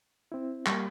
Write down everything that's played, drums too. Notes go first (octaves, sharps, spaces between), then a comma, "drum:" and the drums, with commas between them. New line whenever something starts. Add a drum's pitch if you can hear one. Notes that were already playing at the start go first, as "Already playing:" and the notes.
C4 E4
G3 A#3 C#6, drum: clap